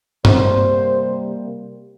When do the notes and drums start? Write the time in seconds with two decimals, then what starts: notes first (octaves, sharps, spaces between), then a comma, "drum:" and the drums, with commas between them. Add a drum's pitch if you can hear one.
0.25 C3 G3 A#3 C5, drum: tom G2